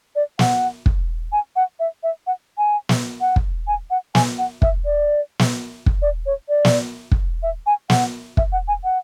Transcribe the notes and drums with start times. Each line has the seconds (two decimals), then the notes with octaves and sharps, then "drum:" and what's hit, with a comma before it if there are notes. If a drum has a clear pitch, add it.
0.16 D5
0.39 F#5, drum: snare
0.86 drum: kick
1.32 G#5
1.56 F#5
1.80 E5
2.03 E5
2.27 F#5
2.58 G#5
2.89 drum: snare
3.21 F#5
3.36 drum: kick
3.67 G#5
3.90 F#5
4.15 G#5, drum: snare
4.38 F#5
4.62 E5, drum: kick
4.85 D5
5.39 drum: snare
5.86 drum: kick
6.02 D5
6.26 C#5
6.49 D5
6.65 drum: snare
7.12 drum: kick
7.43 E5
7.66 G#5
7.90 F#5, drum: snare
8.37 E5, drum: kick
8.52 F#5
8.68 G#5
8.84 F#5